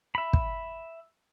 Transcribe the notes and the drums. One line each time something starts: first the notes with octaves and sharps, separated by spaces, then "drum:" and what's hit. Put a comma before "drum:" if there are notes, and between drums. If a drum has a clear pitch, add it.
E5 B5
drum: kick